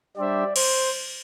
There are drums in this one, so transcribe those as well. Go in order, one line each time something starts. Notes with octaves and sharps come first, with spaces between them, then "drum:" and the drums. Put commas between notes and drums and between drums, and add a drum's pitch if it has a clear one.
G3 D4 G4 C5 D5 E5
C5, drum: cymbal